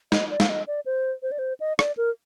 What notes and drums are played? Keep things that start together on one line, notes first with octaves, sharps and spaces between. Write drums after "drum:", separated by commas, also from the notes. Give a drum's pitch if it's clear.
D#5, drum: snare
D5
F5, drum: snare
D#5
D5
C5
C5
D5
C5
D#5
D5, drum: rim click
A#4